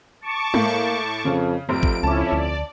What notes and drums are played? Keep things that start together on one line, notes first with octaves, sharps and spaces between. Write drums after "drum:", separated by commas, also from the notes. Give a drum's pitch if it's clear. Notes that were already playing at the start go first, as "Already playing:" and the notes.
A5 C#6 D6
A2 A#3, drum: tom G#3
F2 C#3
F1 F2 C3 D7
drum: kick G#1
C#2 C#4 E4 A5 D6
D2 D5